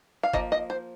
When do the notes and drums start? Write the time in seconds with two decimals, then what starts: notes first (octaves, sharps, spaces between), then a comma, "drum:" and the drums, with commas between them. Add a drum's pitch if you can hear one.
0.23 F5
0.33 F3 A#3 D#5, drum: kick
0.52 D#5
0.70 C5